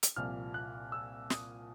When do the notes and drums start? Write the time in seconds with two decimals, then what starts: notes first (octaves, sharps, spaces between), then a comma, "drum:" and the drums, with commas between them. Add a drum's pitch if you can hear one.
0.03 drum: hi-hat
0.16 C2 A#2 F3 F6
0.54 F#6
0.92 E6
1.30 D#6, drum: snare